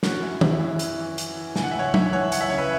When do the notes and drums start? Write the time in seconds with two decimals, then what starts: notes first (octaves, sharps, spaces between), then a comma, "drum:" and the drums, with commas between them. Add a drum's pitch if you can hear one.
0.03 E3 C#4 F#4, drum: snare
0.22 F#2 E4
0.41 E3 E4, drum: tom D#3
0.60 F#2
0.79 E3, drum: hi-hat
0.99 E3
1.18 E3, drum: hi-hat
1.37 E3
1.56 C#2 G#5, drum: snare
1.63 F#5
1.71 E5
1.75 C#2 C#5 F#5
1.94 E3 E5 G#5, drum: tom F#3
2.13 E3 C#5 F#5
2.32 E3 F#5, drum: hi-hat
2.41 E5
2.50 C#3 C#5
2.58 B4 E5